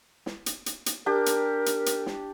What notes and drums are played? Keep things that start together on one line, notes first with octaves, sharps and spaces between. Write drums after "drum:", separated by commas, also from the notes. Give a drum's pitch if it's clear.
drum: snare
drum: hi-hat
drum: hi-hat
drum: hi-hat
D4 G4 A#4
drum: hi-hat
drum: hi-hat
drum: hi-hat
drum: snare